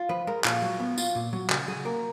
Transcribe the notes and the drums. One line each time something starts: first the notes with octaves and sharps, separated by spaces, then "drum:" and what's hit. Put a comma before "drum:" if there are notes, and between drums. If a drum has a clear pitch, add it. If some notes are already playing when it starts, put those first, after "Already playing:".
Already playing: F4
F3 B4
G#3 A#4
A#2 F4, drum: clap
F#3
B3
F4, drum: tambourine
A#2
F#3
C#3 F#4, drum: clap
F#3 G#4
A#3 A#4